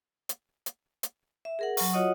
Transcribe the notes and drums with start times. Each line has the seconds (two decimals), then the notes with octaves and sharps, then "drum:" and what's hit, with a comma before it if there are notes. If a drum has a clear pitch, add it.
0.29 drum: hi-hat
0.66 drum: hi-hat
1.03 drum: hi-hat
1.45 E5
1.59 G#4 A#4 F#5
1.77 F#3 F#5 C#6, drum: open hi-hat
1.93 F4 F#4 C#5 D#5 F#5 D#6